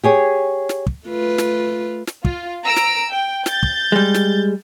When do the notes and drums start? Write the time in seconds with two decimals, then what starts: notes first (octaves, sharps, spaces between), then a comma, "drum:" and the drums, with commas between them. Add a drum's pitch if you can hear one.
0.03 G4 G#4 C#5
0.69 drum: snare
0.86 drum: kick
1.07 A3 F4 B4
1.38 drum: snare
2.07 drum: snare
2.25 F4, drum: kick
2.64 A#5 E6 D7
2.76 drum: snare
3.11 G5
3.46 G6 A6, drum: snare
3.63 drum: kick
3.92 G3 G#3
4.14 drum: snare